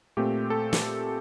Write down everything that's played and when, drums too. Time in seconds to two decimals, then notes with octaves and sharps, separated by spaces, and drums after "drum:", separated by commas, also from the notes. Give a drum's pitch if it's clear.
0.17 A#2 A3 C4 G4
0.50 A4
0.73 drum: snare